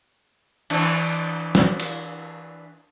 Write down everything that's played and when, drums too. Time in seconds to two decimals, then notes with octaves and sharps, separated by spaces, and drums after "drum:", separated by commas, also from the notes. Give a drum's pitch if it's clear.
0.70 E3 D4, drum: cymbal
1.55 drum: snare
1.80 drum: cymbal